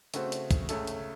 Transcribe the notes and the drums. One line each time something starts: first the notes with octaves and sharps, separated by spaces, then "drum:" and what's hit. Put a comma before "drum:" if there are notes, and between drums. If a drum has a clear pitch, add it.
C#3 A3 C4 F#4 C5, drum: hi-hat
drum: hi-hat
drum: kick, hi-hat
C#2 C#3 A3 C#4 A4, drum: hi-hat
drum: hi-hat